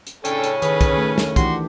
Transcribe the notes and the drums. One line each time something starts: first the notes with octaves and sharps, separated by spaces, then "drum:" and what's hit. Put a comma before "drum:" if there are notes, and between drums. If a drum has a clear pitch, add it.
drum: hi-hat
A2 C#3 C#4 D4 A4 G5, drum: hi-hat
drum: hi-hat
D#3 G#4 B4 C#5, drum: hi-hat
drum: kick, hi-hat
D#3 A3
drum: snare
E3 D4 F#4 G4 C6, drum: kick, hi-hat